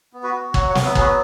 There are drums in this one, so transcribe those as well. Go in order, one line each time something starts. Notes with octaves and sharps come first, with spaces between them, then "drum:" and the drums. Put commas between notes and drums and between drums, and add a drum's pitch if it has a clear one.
B3
F#4 B4
F#4
F#3 C#5 F#5, drum: kick
C#5 F#5
B3, drum: snare
B4 E5
F#3 G#4, drum: kick
F#4 B4